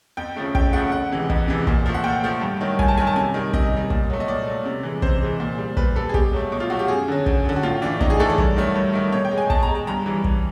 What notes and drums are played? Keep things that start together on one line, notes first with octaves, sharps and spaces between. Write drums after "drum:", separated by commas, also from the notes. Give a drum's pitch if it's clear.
F2 G5
C#3 F3 A3
F2 G5, drum: kick
C#3 F3 A3 F#5
F2 F#5
C3 E3 G#3
F2, drum: kick
C3 E3 G#3
A#2, drum: kick
F3 A3
F#5
A#2 G5
F3 A3
G2
D#3 F#3 A3
G2 G#5, drum: kick
A5
D#3 F#3 A3 G#5
A5
C3 G#5
D#3 G3
C3 D#5, drum: kick
D#3 G3
A#2, drum: kick
F#3 A3
D#5
A#2 D5
F#3 A3
C3
E3 G#3
C3 C5, drum: kick
E3 G#3
A#2
G3
A#2 B4, drum: kick
G3 A4
G#4
B2 G4, drum: kick
F#3 A3
B2
F4
F#3 A3 F#4
G4
F#2 G#4
D3 F#3
F#2, drum: kick
D3 F#3
F#4
A2 F4
E3 A3 D4
A2 D#4, drum: kick
G#4
E3 A3 A4
D5
G2, drum: kick
D#3 F#3 A3
G2
D#3 F#3 A3
B2 C#5
G5
G#3
G#5
B2 A5, drum: kick
A#5
G#3
A#5
G2 A#5
E3 G3
G2, drum: kick